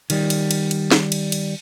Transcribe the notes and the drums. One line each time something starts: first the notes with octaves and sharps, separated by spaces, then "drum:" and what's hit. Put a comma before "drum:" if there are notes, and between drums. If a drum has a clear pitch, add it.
D#3 G3, drum: cymbal
drum: cymbal
drum: cymbal
drum: cymbal
drum: snare
drum: cymbal
drum: cymbal